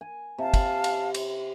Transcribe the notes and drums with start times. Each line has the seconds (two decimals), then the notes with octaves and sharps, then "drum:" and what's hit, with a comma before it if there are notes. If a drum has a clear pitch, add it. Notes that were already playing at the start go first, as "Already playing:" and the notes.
0.01 G#5
0.38 C3 F5 A5
0.54 drum: kick, cymbal
0.84 drum: cymbal
1.14 drum: cymbal